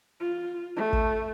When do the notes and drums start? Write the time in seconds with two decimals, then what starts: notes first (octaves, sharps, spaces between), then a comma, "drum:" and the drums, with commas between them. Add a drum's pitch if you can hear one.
0.21 F4
0.77 A3
0.93 drum: kick